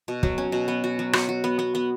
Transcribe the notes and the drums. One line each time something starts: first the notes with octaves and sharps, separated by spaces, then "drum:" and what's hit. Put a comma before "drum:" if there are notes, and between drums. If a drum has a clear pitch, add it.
B2
F#3, drum: kick
C#4
B2
B3
F#4
F#3
F#4, drum: rim click
F#4
B3
B3
B3